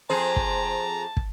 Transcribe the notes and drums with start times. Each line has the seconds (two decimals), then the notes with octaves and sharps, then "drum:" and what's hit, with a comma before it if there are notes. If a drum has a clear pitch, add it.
0.10 F2 G#4 C5 A5 A#5
0.36 drum: kick
1.17 drum: kick